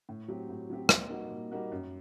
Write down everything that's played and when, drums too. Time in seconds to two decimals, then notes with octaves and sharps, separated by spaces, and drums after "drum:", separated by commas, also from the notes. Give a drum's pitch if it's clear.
0.09 A2
0.28 F#3 C4 G4
0.49 A2
0.70 F#3 C4 G4
0.89 A#2, drum: rim click
1.10 G3 A#3 D#4 F#4
1.30 A#2
1.51 G3 A#3 D#4 F#4
1.72 F#2